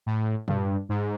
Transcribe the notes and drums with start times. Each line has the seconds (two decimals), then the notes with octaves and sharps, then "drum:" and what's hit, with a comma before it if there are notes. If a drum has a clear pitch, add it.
0.06 A2
0.48 G2, drum: tom
0.89 G#2